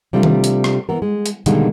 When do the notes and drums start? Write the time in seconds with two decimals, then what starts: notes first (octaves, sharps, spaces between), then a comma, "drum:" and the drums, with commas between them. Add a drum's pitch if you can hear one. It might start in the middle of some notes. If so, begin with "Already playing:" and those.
0.13 C3 G3 A3 D4 F4
0.23 drum: tom D#3
0.44 drum: hi-hat
0.64 drum: rim click
0.89 E3 B3 A#4
1.02 G#3
1.26 drum: hi-hat
1.46 B2 D3 D#3 G3 G#3 A#3, drum: hi-hat